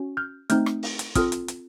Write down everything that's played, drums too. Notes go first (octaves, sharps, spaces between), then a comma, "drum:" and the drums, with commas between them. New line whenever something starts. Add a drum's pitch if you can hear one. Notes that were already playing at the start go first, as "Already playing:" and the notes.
Already playing: C#4 F#4
F6 G6
A3 C4 D#4 F6 G6, drum: hi-hat
drum: rim click
drum: open hi-hat
drum: hi-hat
C4 F4 A4 D#6 F6, drum: kick, hi-hat
drum: hi-hat
drum: hi-hat